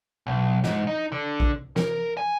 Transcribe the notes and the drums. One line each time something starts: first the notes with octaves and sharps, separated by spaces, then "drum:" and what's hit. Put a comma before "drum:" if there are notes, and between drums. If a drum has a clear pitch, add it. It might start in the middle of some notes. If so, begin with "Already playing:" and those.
B1
G#2, drum: snare
D#4
D3
drum: kick
A#4, drum: snare
G#5